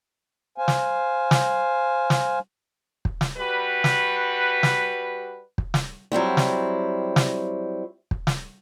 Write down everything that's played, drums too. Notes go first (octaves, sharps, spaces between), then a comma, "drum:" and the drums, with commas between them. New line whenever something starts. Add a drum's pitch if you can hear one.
C5 F5 G#5
drum: snare
drum: snare
drum: snare
drum: kick
drum: snare
G3 F#4 B4
drum: snare
drum: snare
drum: kick
drum: snare
F#3 G3 C4 E4
drum: snare
drum: snare
drum: kick
drum: snare